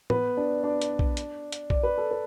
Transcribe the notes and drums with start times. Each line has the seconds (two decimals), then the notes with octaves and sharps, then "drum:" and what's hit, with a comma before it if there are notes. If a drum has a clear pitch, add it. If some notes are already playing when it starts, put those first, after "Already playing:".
0.10 B3 B4, drum: tom A2
0.37 D4 D5
0.64 D4 D5
0.82 drum: hi-hat
0.99 drum: kick
1.17 drum: hi-hat
1.52 drum: hi-hat
1.70 D5, drum: kick
1.83 B4
1.98 A4
2.11 B4